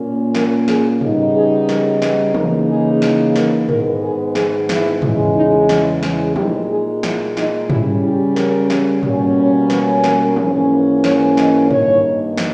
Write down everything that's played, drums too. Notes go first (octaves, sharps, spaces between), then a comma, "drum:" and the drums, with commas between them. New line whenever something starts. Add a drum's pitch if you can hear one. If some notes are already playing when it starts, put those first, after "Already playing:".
Already playing: A#2 A#3 C#4
A#4, drum: snare
G#4, drum: snare
C#3 G3 B3 D#4, drum: tom G#2
G#4
A#4, drum: snare
B4, drum: snare
C#3 E3 A#3 D#4 A#4, drum: tom E3
G#4
drum: snare
A#4, drum: snare
G#2 D#3 G#3 B3 A#4, drum: tom G#2
G#4
G#4, drum: snare
E4, drum: snare
E2 C#3 E3 G#3, drum: tom G#2
D#4
E4, drum: snare
drum: snare
A#2 G#3 D#4 G4, drum: tom F3
G#4
E4, drum: snare
D#4, drum: snare
C#3 G3 C#4 E4, drum: tom G#2
G4
A#4, drum: snare
drum: snare
B2 G3 A#3 C#4, drum: tom G#2
C#5
B4, drum: snare
A#4, drum: snare
G#2 E3 A#3 C#4, drum: tom F3
B4
C#5, drum: snare
D#5, drum: snare
G2 D#3 A#3 D#4 C#5, drum: tom G#2
drum: snare